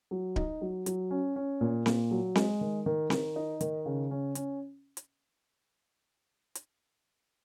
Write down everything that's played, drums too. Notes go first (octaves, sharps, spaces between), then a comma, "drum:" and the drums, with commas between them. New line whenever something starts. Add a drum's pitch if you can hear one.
F#3
D#4, drum: kick D1
F#3
F#3, drum: hi-hat
C#4
C#4
A#2
A#2, drum: snare C4
F#3
G#3, drum: snare C4
D#3
D#3
D#3, drum: snare C4
D#4
D#3, drum: hi-hat
C#3
C#4
C#4, drum: hi-hat
drum: hi-hat
drum: hi-hat